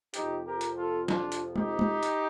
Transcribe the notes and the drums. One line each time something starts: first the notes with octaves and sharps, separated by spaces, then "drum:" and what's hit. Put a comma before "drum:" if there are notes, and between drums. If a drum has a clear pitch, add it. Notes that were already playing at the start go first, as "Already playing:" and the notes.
F2 C3 F3 D#4 G4, drum: hi-hat
G4 A#4
drum: hi-hat
F4 A4
D4 F4, drum: snare
drum: hi-hat
D#4 G4, drum: tom
drum: tom
drum: hi-hat